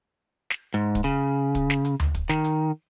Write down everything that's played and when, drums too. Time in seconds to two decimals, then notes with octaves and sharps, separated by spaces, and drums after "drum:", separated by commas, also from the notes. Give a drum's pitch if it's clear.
0.50 drum: snare
0.74 G#2
0.95 drum: kick, hi-hat
1.04 C#3
1.55 drum: kick, hi-hat
1.70 drum: snare
1.85 drum: hi-hat
2.00 drum: tom D2
2.15 drum: kick, hi-hat
2.29 D#3, drum: snare
2.44 drum: hi-hat